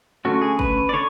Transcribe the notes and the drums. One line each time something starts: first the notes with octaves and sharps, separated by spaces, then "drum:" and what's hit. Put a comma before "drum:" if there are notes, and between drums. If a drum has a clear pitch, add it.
D3 A3 C#4 F#4
G#4
B4, drum: kick
D5
D3 C#5